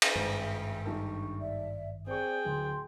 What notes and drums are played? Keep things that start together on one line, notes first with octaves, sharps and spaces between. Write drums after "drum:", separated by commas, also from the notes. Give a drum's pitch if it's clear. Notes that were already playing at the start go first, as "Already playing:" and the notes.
drum: cymbal
G#1 G2 G#3
G3 D4 D#4 A4 C#6
D5 E5
C4 G4 G#4 C5 D5 G5 C#6
D1 C6